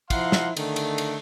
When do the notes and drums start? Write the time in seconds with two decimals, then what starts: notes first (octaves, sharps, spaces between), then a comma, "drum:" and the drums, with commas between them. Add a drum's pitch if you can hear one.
0.10 F3 E4 F5 F#5 A#5 C6, drum: kick, cymbal
0.32 drum: snare
0.57 D3 D#3 A3, drum: cymbal
0.76 drum: cymbal
0.98 drum: cymbal